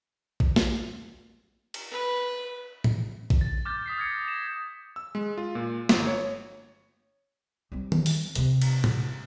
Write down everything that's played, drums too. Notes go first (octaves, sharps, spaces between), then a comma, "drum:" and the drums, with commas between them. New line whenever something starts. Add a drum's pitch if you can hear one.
drum: kick A1
drum: snare
drum: cymbal
B4
drum: tom A2
drum: kick A1
A6
D6 F6 G6 A6
D#6 B6 C7
F6 G#6 A#6 C#7
A#6 E7
E6
G#3
F4
A#2
G1, drum: snare
C#5
G3 C4
drum: tom D#3
drum: open hi-hat
C3 C4, drum: hi-hat
drum: cymbal
drum: tom